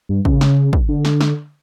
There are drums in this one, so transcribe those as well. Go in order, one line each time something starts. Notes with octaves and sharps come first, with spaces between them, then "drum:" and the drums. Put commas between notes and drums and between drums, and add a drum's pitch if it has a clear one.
G2
C#3, drum: kick
drum: snare
drum: kick
D3
drum: snare
drum: snare